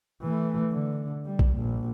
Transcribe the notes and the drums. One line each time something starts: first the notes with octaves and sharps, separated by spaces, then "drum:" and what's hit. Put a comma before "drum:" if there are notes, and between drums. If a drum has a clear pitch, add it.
E3 A3
D3
G3
drum: kick A#1
A#1